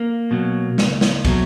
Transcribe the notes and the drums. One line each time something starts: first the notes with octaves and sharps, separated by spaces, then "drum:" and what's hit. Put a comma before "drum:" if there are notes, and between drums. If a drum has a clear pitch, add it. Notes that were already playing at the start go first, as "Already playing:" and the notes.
Already playing: A#3
B2 F#3
C#2, drum: snare
drum: snare
B2 F#3, drum: kick, cymbal